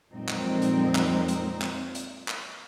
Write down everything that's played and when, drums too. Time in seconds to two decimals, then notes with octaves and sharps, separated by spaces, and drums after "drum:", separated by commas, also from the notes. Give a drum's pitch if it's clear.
0.12 F2 A#2 F#3 G#3 C4 D#4
0.29 drum: clap
0.62 drum: hi-hat
0.95 drum: clap
1.28 drum: hi-hat
1.62 drum: clap
1.95 drum: hi-hat
2.28 drum: clap